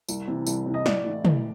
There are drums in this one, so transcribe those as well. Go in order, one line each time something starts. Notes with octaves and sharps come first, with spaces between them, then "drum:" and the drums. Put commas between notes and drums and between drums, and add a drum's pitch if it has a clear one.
C2, drum: tambourine
C3 E3
C2, drum: tambourine
C3 E3
D#5
A1 D5, drum: snare
A2 E3
A1, drum: tom